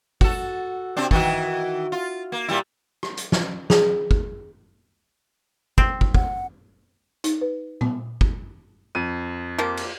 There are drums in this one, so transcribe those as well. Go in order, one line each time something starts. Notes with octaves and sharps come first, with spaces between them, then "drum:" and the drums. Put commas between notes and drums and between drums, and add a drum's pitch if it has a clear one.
F#4 A4, drum: kick
C3 C4 D4
D#3 E3 F#4, drum: kick
F4
A#3
A#2 G3 E4
drum: rim click
drum: hi-hat
drum: snare
G#4, drum: snare
drum: kick
C4, drum: kick
drum: kick
F#5, drum: kick
D#4, drum: hi-hat
B4
B3, drum: tom A#2
drum: kick
F2 D#7
F3 A#3 G4
drum: cymbal